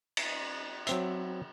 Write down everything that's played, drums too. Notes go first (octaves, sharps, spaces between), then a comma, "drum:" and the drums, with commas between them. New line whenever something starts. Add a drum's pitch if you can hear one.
drum: cymbal
F#3 C4 E5, drum: hi-hat